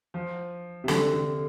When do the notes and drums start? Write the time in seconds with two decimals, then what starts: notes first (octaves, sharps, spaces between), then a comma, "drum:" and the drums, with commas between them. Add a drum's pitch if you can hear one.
0.14 F3
0.84 C3
0.88 D3, drum: snare
1.13 D3